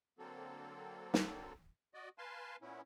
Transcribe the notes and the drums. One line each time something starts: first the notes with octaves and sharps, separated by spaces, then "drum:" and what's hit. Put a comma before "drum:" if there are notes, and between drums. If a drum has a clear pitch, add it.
D3 F#3 A#3 C4 A4
drum: snare
F#4 D5 D#5
B4 F5 G#5 A5 C6
A#2 B3 C#4 E4